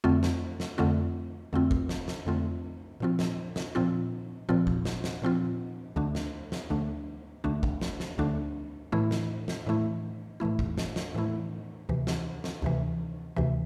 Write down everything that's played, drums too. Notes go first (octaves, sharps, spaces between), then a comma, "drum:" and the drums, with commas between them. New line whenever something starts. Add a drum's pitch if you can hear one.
F2 D3 A3 C4 F4
drum: snare
drum: snare
F2 D3 A3 C4 F4
F2 D3 A3 C4 F4
drum: kick G1
drum: snare
drum: snare
F2 D3 A3 C4 F4
A#2 F3 C4 F4
drum: snare
drum: snare
A#2 F3 C4 F4
A#2 F3 C4 F4
drum: kick G1
drum: snare
drum: snare
A#2 F3 C4 F4
D2 D3 A3 D4
drum: snare
drum: snare
D2 D3 A3 D4
D2 D3 A3 D4
drum: kick G1
drum: snare
drum: snare
D2 D3 A3 D4
A2 E3 A3 E4
drum: snare
drum: snare
A2 E3 A3 E4
A2 E3 A3 E4
drum: kick G1
drum: snare
drum: snare
A2 E3 A3 E4
D2 C3 E3
drum: snare
drum: snare
D2 C3 E3
D2 C3 E3